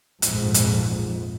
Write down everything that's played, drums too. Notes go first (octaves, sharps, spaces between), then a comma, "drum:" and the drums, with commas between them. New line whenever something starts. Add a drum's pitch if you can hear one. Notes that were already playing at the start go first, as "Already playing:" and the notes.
A#1 F2 G#2, drum: hi-hat
drum: hi-hat